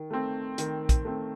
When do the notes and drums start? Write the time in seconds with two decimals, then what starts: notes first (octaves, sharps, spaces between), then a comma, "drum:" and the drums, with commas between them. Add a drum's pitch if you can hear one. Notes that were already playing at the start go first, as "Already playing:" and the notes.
Already playing: D#3
0.10 A3 C4
0.58 D#3, drum: hi-hat
0.89 drum: kick, hi-hat
1.05 A3 C4